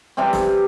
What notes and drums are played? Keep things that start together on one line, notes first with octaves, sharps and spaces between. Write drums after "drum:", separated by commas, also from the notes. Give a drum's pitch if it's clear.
C3 E3 G3 C4
drum: snare